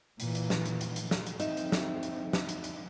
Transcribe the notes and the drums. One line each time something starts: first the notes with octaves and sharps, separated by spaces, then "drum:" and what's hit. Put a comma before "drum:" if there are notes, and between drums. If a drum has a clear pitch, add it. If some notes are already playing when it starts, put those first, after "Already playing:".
A#2 E3, drum: hi-hat
drum: hi-hat
drum: snare
drum: hi-hat
drum: hi-hat
drum: hi-hat
drum: snare
drum: hi-hat
C4 D#4 E5, drum: hi-hat
drum: hi-hat
drum: snare
drum: hi-hat
drum: snare
drum: hi-hat
drum: hi-hat